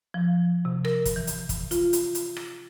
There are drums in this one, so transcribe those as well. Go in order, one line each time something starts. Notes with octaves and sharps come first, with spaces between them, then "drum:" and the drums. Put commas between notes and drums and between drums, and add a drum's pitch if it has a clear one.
F3
C3
A#4, drum: rim click
drum: kick, hi-hat
E3
drum: hi-hat
drum: kick, hi-hat
F4, drum: hi-hat
drum: hi-hat
drum: hi-hat
drum: rim click